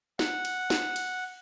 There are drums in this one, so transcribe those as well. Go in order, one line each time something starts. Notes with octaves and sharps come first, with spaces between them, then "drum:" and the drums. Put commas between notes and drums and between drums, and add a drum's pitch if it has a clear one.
F#5, drum: snare
drum: cymbal
drum: snare
drum: cymbal